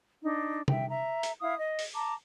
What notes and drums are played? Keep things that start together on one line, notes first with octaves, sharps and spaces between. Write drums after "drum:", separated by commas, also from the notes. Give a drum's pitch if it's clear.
D4 D#4
E5 G5, drum: tom C3
E5 A#5
drum: hi-hat
E4 F5 D#6
D#5
drum: open hi-hat
A5 A#5 D6